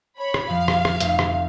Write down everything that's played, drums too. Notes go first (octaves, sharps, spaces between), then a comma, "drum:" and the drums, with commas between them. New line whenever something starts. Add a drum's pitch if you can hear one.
C#5 B5
drum: rim click
F2 F3 F5
drum: rim click
drum: rim click
F1 A3 C7, drum: hi-hat
drum: rim click